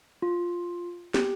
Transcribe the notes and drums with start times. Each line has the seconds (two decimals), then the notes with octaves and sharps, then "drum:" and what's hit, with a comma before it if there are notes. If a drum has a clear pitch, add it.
0.22 F4
1.14 G4, drum: snare